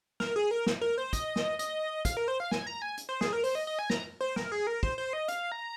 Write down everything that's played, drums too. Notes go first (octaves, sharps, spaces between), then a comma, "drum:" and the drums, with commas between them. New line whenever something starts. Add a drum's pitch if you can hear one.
A#4, drum: snare
G#4
A#4
drum: snare
A#4
C5
D#5, drum: kick, hi-hat
drum: snare
D#5, drum: hi-hat
F5, drum: kick, hi-hat
A#4
C5
F5
G#5, drum: snare
A#5
G#5
drum: hi-hat
C5
G#4, drum: snare
A#4
C5, drum: open hi-hat
D#5
D#5
G#5
A#5, drum: snare
C5
A#4, drum: snare
G#4
A#4
C5, drum: kick
C5
D#5
F5, drum: hi-hat
A#5